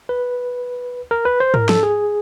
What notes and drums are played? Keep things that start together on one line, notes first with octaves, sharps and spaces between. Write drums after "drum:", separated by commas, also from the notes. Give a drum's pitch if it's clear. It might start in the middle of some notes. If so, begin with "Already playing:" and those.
B4
A#4
B4
C5
A#4, drum: tom G#2
A4, drum: snare
G#4